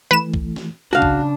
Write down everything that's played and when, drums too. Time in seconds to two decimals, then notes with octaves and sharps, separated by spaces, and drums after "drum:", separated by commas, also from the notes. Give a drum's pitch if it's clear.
0.11 E3 A3 B4 E7
0.34 drum: kick
0.56 drum: snare
0.93 C#3 D4 F#4 F5 A5
1.02 drum: kick